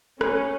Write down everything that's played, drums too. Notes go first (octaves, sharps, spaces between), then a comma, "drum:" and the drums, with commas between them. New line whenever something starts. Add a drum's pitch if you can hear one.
C#4, drum: rim click